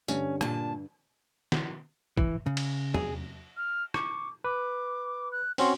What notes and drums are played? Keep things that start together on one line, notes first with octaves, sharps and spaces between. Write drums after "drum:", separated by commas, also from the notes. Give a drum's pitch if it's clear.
G2 D3 C#4, drum: tambourine
A#2 A5, drum: rim click
drum: snare
E3, drum: kick
C#3
drum: cymbal
G#4, drum: tom
F6
C#6 D6, drum: rim click
B4 D6
F#6
C4 C#4 F#4 C6, drum: open hi-hat